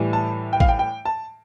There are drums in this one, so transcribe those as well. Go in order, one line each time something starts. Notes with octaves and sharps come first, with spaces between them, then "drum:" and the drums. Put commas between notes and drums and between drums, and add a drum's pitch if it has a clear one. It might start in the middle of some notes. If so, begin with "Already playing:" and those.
Already playing: A2 E3 G3
A5
G5
F5, drum: kick A1
G5
G5
A5